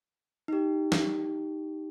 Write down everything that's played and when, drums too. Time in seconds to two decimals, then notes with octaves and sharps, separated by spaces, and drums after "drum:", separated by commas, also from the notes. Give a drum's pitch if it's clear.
0.48 D#4 G4
0.92 drum: snare